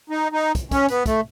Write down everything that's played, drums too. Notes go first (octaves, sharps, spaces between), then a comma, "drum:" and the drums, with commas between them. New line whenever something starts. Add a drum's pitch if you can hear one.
D#4
D#4
drum: kick, hi-hat
C#4, drum: kick, hi-hat
B3, drum: hi-hat
A3, drum: kick, hi-hat